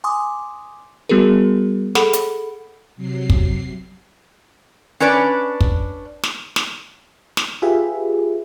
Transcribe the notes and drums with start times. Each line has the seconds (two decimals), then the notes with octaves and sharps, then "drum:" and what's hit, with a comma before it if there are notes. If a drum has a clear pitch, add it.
0.04 G#5 C6 D6 D#6
1.09 G3 B3 F#4 G#4 A#4
1.95 G#4 A4 F#5 B5, drum: snare
2.13 drum: hi-hat
2.96 C3 F#3 C7
3.30 drum: kick
5.00 C#4 D4 B4 D5
5.61 drum: kick
6.23 drum: snare
6.56 drum: snare
7.37 drum: snare
7.62 F4 G4 G#4 B4 E5